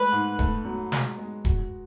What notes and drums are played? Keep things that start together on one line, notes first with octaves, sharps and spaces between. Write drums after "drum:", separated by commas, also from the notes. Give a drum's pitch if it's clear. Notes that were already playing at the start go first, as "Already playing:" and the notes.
Already playing: G#3 A3 B4
G#2
A3, drum: kick D#1
F#3
G#3, drum: snare
G#3
F#4, drum: kick D#1